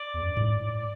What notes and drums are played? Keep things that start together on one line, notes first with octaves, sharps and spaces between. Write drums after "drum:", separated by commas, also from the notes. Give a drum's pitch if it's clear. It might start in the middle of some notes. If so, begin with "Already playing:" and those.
Already playing: D5
E2
F#2
G2
A2, drum: tom G2